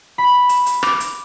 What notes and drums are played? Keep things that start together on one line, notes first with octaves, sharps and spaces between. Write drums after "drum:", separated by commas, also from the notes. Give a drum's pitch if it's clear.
B5
E7, drum: hi-hat
drum: hi-hat
D6, drum: rim click
drum: hi-hat